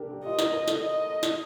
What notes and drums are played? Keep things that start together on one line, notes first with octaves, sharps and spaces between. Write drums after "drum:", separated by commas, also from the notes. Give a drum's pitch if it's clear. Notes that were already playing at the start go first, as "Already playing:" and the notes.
Already playing: D4 G4 A4 A#4
G4
F4 D#5
A#4, drum: snare
A#4
A4, drum: snare
D#5
drum: snare